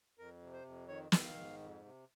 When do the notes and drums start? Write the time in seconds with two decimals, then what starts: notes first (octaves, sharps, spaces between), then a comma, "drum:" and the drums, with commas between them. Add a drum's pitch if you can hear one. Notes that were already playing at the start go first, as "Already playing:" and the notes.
0.18 F2 A#4
0.42 C3
0.53 C5
0.65 F2
0.88 D#3 C#5
1.12 D#3, drum: snare
1.24 F5
1.35 G#2
1.59 F2
1.82 C3